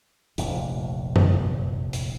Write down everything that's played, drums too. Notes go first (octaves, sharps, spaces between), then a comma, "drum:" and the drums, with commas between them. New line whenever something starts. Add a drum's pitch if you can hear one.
F1 A#1 D#2, drum: hi-hat
drum: tom F#2
drum: hi-hat